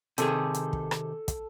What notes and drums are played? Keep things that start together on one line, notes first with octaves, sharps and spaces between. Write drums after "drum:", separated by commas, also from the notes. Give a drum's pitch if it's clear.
C3 D#3 G#4 A4, drum: hi-hat
drum: hi-hat
drum: kick
drum: rim click
drum: kick, hi-hat